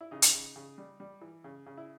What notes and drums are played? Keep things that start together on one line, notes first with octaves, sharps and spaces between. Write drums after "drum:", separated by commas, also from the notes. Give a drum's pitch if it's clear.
E4
C#3 D#4
drum: hi-hat
C#3
C#3
G3
G3
E3
C#3
C#3
E4